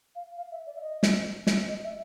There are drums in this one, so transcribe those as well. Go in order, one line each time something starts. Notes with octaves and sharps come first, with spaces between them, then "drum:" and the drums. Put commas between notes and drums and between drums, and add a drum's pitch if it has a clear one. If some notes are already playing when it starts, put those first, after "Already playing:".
F5
F5
E5
D5
E5
D#5
drum: snare
drum: snare
D#5
E5